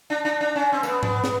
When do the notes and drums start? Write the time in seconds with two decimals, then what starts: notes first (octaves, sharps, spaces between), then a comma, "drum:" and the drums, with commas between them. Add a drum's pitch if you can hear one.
0.10 D4
0.25 D4
0.41 D4
0.56 C#4
0.72 C4
0.83 A#3, drum: tambourine
0.87 B3
1.03 B3, drum: tom G#2
1.24 drum: snare